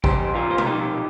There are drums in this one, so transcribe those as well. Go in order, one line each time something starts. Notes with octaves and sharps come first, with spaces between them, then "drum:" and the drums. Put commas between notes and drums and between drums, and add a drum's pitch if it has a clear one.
F2 G4 C5, drum: kick
F2
F4 A#4
A#3 C5
A#4, drum: tom
D#4 G4
F2